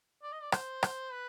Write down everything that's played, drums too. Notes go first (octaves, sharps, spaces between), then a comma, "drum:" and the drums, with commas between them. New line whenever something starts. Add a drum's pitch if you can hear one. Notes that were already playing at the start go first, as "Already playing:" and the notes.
D5
D#5
D5
C5, drum: rim click
drum: rim click
B4